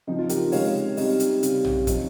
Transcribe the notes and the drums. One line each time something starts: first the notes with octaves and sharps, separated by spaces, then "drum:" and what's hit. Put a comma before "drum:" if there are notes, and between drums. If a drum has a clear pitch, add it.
C#3 F3 C4 D#4
F4
G4 A#4, drum: hi-hat
C3 D#3 G#3 C#4 C#5 F5, drum: open hi-hat
C3 G3 C4 D#4, drum: open hi-hat
drum: hi-hat
C#3 G3 C4, drum: hi-hat
drum: tom A#1
F3 C4 D#4, drum: kick, hi-hat